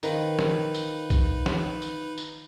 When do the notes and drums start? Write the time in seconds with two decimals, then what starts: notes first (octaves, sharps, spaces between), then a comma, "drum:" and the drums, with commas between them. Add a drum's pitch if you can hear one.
0.03 D#3 F3 D#4 B4 B5, drum: tambourine
0.39 drum: snare
0.74 drum: tambourine
1.10 drum: kick B1, tambourine
1.46 drum: snare
1.82 drum: tambourine
2.18 drum: tambourine